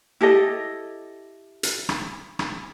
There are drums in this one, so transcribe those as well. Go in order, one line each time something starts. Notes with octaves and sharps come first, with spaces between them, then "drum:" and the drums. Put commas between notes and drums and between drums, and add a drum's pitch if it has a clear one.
E4 G4 A4 D#5
drum: hi-hat
drum: rim click
drum: rim click